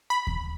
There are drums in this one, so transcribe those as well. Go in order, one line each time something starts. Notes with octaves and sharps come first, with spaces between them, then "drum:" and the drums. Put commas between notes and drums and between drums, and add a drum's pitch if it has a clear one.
B5
drum: kick D#2